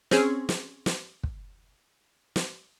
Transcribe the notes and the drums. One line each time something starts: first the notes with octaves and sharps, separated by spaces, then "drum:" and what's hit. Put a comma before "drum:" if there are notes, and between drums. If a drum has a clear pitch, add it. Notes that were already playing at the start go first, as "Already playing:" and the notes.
C4 C#4 G#4, drum: snare
drum: snare
drum: snare
drum: kick
drum: snare